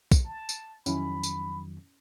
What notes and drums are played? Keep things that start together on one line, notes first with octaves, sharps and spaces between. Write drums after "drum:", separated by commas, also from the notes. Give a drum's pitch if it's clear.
drum: kick, tambourine
A5
drum: tambourine
F2 D#3 F#3 C#4 E4 B5, drum: tambourine
drum: tambourine